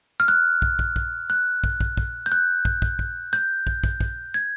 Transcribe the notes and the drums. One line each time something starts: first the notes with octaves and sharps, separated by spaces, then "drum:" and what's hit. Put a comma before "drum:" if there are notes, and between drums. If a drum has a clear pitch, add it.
F6
F#6
drum: kick
drum: kick
drum: kick
F#6
drum: kick
drum: kick
drum: kick
G6
F#6
drum: kick
drum: kick
drum: kick
G6
drum: kick
drum: kick
drum: kick
G#6